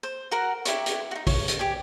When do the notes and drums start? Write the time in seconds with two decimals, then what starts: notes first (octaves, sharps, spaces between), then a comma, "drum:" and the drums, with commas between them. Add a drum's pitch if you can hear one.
0.03 C5
0.31 F#4 A#4 F#5
0.65 E4 G4 C#6, drum: hi-hat
0.86 drum: hi-hat
1.11 D#4 F#4
1.27 C#5, drum: kick, open hi-hat
1.48 drum: hi-hat
1.59 G4 D5 G#5